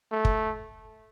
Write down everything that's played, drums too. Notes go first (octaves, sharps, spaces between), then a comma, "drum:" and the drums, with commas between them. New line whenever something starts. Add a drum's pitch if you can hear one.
A3
drum: kick